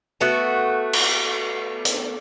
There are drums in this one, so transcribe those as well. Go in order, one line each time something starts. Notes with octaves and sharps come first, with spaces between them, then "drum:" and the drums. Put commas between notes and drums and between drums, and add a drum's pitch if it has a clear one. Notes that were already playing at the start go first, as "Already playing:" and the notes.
A3 B3 F#4 A4
drum: cymbal
drum: hi-hat